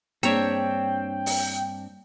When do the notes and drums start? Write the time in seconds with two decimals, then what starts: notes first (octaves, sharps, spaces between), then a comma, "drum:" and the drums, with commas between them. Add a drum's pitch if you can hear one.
0.23 G2 A#3 C4 D4 G#4 C#5 E5 G5, drum: hi-hat
1.26 drum: open hi-hat